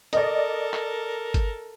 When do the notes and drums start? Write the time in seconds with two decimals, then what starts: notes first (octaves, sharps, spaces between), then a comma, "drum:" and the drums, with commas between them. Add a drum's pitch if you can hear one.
0.13 A4 A#4 D5 D#5, drum: hi-hat
0.74 drum: clap
1.34 drum: kick G1, hi-hat